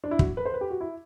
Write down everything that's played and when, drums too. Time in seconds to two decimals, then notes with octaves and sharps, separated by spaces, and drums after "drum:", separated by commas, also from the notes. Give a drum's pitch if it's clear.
0.04 D4
0.11 E4
0.19 F#4, drum: kick
0.37 B4
0.45 C5
0.54 B4
0.61 G4
0.71 F#4
0.81 E4